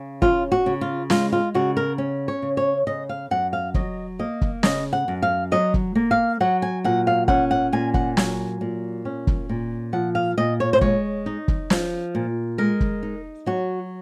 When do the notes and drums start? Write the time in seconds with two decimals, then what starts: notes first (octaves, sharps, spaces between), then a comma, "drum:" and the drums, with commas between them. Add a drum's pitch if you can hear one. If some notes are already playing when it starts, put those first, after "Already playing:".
Already playing: C#3
0.22 C#4 F4, drum: kick
0.52 F#4
0.66 C#3
0.81 F4
1.10 G#3 F4, drum: snare
1.32 F4
1.54 C#3 F#4
1.77 A#4
1.98 C#4
2.28 C#5
2.42 C#3
2.57 C#5
2.87 C#3 D#5
3.09 F5
3.31 F#2 F#5
3.53 F5
3.74 F#3 D#5, drum: kick
4.19 A#3 D#5
4.41 drum: kick
4.63 C#3 D#5, drum: snare
4.93 F#5
5.08 F#2
5.22 F5
5.52 F#3 D#5
5.74 drum: kick
5.95 A#3
6.11 F5
6.40 F#3 F#5
6.62 G#5
6.84 A#2 F#5
7.07 F5
7.28 C#4 F#5, drum: kick
7.51 F#5
7.73 A#2 G#5
7.94 F#5, drum: kick
8.17 F#3 G#5, drum: snare
8.61 A#2
9.05 C#4
9.27 drum: kick
9.49 A#2
9.93 F3 F#5
10.15 F5
10.38 A#2 D#5
10.60 C#5
10.73 C5
10.81 G#3 C#5, drum: kick
11.26 D#4
11.48 drum: kick
11.70 F3, drum: snare
12.15 A#2
12.58 G#3 A#4
12.80 drum: kick
13.03 D#4
13.46 F#3 F#4